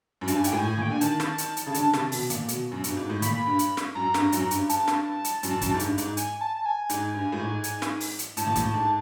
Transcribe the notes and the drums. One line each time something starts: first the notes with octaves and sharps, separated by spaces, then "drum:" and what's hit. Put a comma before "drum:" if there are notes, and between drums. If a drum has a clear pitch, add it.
F#2
G2 A5, drum: hi-hat
G#5
G#2 G5, drum: hi-hat
A2 G#5
A2
A#2 G5
D3 G#5
D#3 A5, drum: hi-hat
drum: snare
drum: hi-hat
drum: hi-hat
C#3
D3, drum: hi-hat
C3, drum: snare
B2, drum: open hi-hat
A#2, drum: hi-hat
B2, drum: hi-hat
F#2
G2, drum: hi-hat
G#2
A2
A#2 B5, drum: hi-hat
G2
drum: hi-hat
drum: snare
F#2 A#5
G2, drum: snare
F#2, drum: hi-hat
G2, drum: hi-hat
A5, drum: hi-hat
drum: snare
drum: hi-hat
F#2, drum: hi-hat
F#2, drum: kick, hi-hat
G#2
G2, drum: hi-hat
G#2, drum: hi-hat
G#5, drum: hi-hat
A5
A5
G#5
G#2, drum: hi-hat
G2
A2
G#2
drum: hi-hat
drum: snare
drum: open hi-hat
drum: hi-hat
A2 A5, drum: hi-hat
A#2
A2, drum: kick, hi-hat
G#2